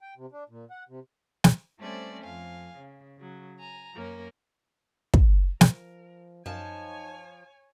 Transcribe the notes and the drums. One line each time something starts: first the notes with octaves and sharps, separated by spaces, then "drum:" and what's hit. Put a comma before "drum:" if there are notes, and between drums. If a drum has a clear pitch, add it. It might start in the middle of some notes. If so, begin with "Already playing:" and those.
G5
C3
D4
A#2
F#5
C3
drum: snare
G3 A3 C4 C#4 C5 D5
F2 F5 G#5
C#3
C#3 F#3
G#5 A#5
F#2 A#3 C#4 A#4
drum: kick
F3 A#4, drum: snare
F#2 F3 D#4 C#5 G#5 A5